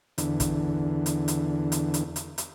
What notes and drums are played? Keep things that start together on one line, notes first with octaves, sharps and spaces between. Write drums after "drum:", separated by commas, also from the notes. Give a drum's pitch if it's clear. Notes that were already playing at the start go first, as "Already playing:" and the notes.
E2 D3, drum: hi-hat
drum: kick, hi-hat
drum: hi-hat
drum: hi-hat
drum: hi-hat
drum: hi-hat
drum: hi-hat
drum: hi-hat